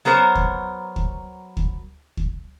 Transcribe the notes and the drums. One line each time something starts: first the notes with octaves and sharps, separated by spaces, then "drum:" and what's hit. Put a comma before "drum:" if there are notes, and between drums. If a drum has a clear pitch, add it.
F#3 B3 A#4 C5 C#5
drum: kick D2
drum: kick D2
drum: kick D2
drum: kick D2